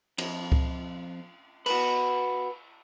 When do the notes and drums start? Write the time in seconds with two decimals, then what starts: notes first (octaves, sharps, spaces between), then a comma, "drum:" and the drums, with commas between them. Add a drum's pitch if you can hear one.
0.18 F2, drum: cymbal
0.52 drum: kick C#2
1.66 F#4 B4, drum: cymbal